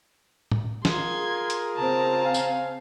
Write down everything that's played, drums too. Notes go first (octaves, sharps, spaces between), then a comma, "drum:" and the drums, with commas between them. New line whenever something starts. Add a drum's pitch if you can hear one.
drum: tom
F4 G#4 A#4 C6 G#6, drum: snare
drum: hi-hat
C#3 C4 A5 A#5
F5 G#5
drum: tambourine